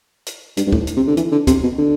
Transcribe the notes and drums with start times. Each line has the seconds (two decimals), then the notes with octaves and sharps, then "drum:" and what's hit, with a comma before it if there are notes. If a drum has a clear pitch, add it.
0.26 drum: hi-hat
0.57 G2, drum: hi-hat
0.67 G2
0.72 A2, drum: kick
0.87 drum: hi-hat
0.97 C3
1.08 D3
1.17 E3, drum: hi-hat
1.32 D3
1.47 C3, drum: kick, hi-hat
1.63 B2
1.78 D3